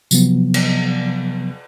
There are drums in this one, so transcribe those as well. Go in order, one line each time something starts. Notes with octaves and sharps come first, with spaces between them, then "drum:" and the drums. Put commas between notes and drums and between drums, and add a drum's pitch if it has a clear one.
C3 F3 F#3 B3, drum: tambourine
drum: cymbal